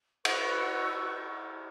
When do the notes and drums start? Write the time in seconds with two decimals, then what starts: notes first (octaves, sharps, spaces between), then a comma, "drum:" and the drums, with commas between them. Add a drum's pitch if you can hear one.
0.25 F#4 B4 C#6 E6, drum: cymbal